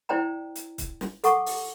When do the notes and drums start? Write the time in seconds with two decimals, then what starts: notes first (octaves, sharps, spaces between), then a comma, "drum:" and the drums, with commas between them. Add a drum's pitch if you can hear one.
0.09 E4 C5 D5 G5 A#5
0.55 drum: hi-hat
0.78 drum: kick C#1, hi-hat
1.01 drum: snare
1.24 A4 F#5 C#6 D6, drum: hi-hat
1.46 drum: open hi-hat